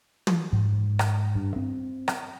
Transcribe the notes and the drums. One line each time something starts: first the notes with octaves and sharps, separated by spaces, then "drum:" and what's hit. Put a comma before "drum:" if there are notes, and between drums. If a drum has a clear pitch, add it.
drum: tom
G#2
drum: rim click
G2
C4
drum: rim click